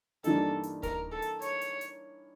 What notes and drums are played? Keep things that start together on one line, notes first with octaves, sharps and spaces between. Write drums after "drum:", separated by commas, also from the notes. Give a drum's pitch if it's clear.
G2 E3 G3 A#3 D#4 A4, drum: hi-hat
drum: hi-hat
A#4, drum: kick D1, hi-hat
A4
drum: hi-hat
C#5, drum: hi-hat
drum: hi-hat
drum: hi-hat